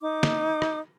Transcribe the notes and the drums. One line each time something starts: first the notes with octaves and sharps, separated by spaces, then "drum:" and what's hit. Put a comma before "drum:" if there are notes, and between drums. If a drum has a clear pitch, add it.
D#4 D6
drum: snare
drum: rim click